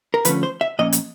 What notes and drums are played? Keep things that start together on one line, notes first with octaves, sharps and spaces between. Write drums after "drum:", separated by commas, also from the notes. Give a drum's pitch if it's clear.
A#4
D3 F3 A3 C#4 B4, drum: hi-hat
C5
E5
A#2 F3 A#3 C#4 D#5
drum: hi-hat